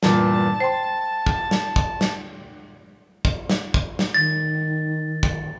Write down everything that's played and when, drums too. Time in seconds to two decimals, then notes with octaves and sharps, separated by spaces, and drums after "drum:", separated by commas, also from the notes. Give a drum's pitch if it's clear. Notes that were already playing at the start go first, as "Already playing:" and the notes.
0.03 E2 G2 A#2 A5, drum: snare
0.60 C5 G5 C6
1.26 drum: kick
1.51 drum: snare
1.76 drum: kick
2.01 drum: snare
3.25 drum: kick
3.50 drum: snare
3.74 drum: kick
3.99 drum: snare
4.14 D#3 A6
5.23 drum: kick